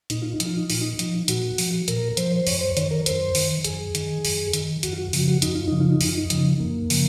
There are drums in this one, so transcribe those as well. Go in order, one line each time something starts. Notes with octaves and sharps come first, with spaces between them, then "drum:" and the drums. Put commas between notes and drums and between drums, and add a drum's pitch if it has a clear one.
A#2 D#4, drum: hi-hat
F4
D#4
F3, drum: hi-hat
F4
D#4
A#2 F4, drum: open hi-hat
D#4
F3, drum: hi-hat
A#2 F#4, drum: hi-hat
F3, drum: open hi-hat
A#2 A#4, drum: hi-hat
F3 C5, drum: hi-hat
C5
F#2 C#5, drum: open hi-hat
C5
D#3 C#5, drum: hi-hat
A#4
F#2 C5, drum: hi-hat
D#3, drum: open hi-hat
F#2 G#4, drum: hi-hat
D#3, drum: hi-hat
F#2, drum: open hi-hat
D#3, drum: hi-hat
F#2 F#4, drum: hi-hat
F4
F#4
C#3 F3, drum: open hi-hat
F#4
F#2 D#4, drum: hi-hat
F4
C#3 F3 D#4
F4
D#4
F#2 F4, drum: open hi-hat
D#4
C#3 F3, drum: hi-hat
F#2 A#3
C#3 F3, drum: open hi-hat